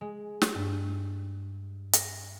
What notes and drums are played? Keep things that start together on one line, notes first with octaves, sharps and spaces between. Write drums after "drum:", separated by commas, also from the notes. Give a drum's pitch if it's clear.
G#3
drum: snare
G2
A#6, drum: hi-hat